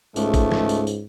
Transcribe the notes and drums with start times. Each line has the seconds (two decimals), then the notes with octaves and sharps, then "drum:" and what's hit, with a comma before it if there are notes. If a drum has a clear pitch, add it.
0.16 C#2 G#2 A3, drum: tambourine
0.34 drum: kick, tambourine
0.51 drum: snare
0.69 drum: tambourine
0.87 drum: tambourine